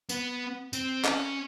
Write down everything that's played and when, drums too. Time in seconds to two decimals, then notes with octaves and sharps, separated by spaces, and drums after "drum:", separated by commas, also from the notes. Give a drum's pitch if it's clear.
0.09 B3, drum: tambourine
0.73 C4, drum: tambourine
1.05 C#4, drum: clap